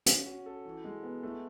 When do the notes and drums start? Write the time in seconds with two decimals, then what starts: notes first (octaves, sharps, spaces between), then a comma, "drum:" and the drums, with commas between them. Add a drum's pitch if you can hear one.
0.06 C#4, drum: hi-hat
0.26 F#4
0.46 A4
0.65 E3
0.84 G#3
1.03 B3
1.23 A3